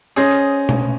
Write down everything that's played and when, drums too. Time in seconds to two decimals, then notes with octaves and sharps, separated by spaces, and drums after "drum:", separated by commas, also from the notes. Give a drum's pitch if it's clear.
0.16 C#4 G#4 C5 D#5
0.69 drum: tom B2